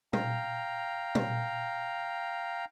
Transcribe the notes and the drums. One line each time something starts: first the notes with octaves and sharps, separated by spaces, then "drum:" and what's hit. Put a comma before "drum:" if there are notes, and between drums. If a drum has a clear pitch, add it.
F5 G5 A#5, drum: tom A#2
drum: tom A#2